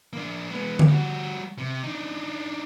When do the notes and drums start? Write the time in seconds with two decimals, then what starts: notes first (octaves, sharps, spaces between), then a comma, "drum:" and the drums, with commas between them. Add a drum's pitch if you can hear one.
0.13 A#3 D4
0.51 G#3 B3
0.79 drum: tom D3
0.89 G3 F#4
1.59 C3
1.84 D4 D#4